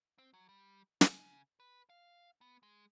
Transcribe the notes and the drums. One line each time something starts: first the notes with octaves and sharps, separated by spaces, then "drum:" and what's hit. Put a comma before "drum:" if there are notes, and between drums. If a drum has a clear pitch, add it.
C4
F#3
G3
C#3, drum: snare
B4
F5
B3
G#3